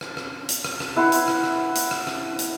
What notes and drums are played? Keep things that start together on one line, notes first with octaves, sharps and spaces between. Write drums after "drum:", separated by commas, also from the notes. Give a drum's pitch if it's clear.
drum: rim click
drum: rim click
drum: hi-hat
drum: rim click
drum: rim click
E4 B4 F#5 C6
drum: hi-hat
drum: rim click
drum: rim click
drum: hi-hat
drum: rim click
drum: rim click
drum: hi-hat